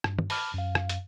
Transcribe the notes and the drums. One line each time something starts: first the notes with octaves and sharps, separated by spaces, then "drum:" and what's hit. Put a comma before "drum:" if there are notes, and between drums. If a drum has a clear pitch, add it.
G2, drum: rim click
drum: tom
A5 B5 D6 F6, drum: open hi-hat
F#2 F5
drum: rim click
drum: hi-hat